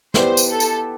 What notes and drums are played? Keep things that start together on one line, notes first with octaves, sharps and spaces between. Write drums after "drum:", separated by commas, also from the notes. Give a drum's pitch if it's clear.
B3 E4 G4 B4 C5 D5, drum: snare
drum: tambourine
A4
drum: tambourine